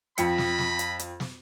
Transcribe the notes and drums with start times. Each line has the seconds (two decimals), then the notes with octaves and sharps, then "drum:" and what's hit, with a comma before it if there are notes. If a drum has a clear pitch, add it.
0.18 F2 D#5 G5 B5 C#7, drum: hi-hat
0.38 drum: snare
0.59 drum: snare
0.79 drum: hi-hat
0.99 drum: hi-hat
1.20 drum: snare